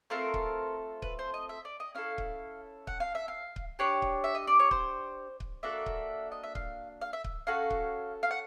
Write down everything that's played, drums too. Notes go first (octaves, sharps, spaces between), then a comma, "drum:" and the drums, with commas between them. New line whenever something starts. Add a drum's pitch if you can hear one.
A3 C4 F4 A4 A#4
drum: kick C#1
B4, drum: kick C#1
C5
D#5
E5
D5
D#5
C#4 E4 A4 F5
drum: kick C#1
F#5, drum: kick C#1
F5
E5
F5
drum: kick C#1
D4 G4 C#5
drum: kick C#1
E5
D#5
D5
C#5
C5, drum: kick C#1
drum: kick C#1
A#3 D4 F#4 A4 E5
drum: kick C#1
D#5
E5
F5, drum: kick C#1
F5
E5
drum: kick C#1
C#4 F#4 A4 F5
drum: kick C#1
F5
F#5